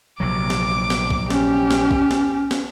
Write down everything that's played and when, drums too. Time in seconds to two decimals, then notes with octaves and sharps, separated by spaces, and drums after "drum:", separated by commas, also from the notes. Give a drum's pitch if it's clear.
0.20 A#1 C3 F#3 D6
0.50 drum: snare
0.90 drum: snare
1.10 drum: kick
1.30 C#4 G4, drum: snare
1.71 drum: snare
1.91 drum: kick
2.11 drum: snare
2.51 drum: snare